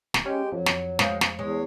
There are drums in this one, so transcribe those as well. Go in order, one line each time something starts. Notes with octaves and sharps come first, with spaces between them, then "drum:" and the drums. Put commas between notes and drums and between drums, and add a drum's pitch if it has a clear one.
D1, drum: snare
G#3 C#4 G4
F2 F#3
drum: snare
G#3 C5 F5, drum: snare
drum: snare
E2 G#3 C#5